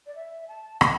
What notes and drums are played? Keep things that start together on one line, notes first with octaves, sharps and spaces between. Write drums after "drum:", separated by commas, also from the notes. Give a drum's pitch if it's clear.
D5
E5
A5
G5, drum: rim click